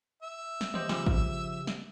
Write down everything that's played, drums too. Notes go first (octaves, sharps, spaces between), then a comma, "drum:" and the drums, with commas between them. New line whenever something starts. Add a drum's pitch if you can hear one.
E5
drum: snare
G4 C5 D#5, drum: tom D#3
C#3 F3 G4, drum: snare
drum: kick A1
drum: snare